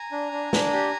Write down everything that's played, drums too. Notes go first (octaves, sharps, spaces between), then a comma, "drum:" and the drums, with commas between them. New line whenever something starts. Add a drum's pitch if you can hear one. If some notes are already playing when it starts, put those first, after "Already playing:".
Already playing: G#5 A#5
D4
D4
D4, drum: snare
G4